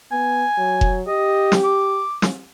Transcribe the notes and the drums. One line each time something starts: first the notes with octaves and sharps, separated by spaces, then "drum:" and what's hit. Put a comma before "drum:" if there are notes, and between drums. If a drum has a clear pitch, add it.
B3 G#5
F#3
drum: kick F1
G4 D#5
drum: snare
D6
drum: snare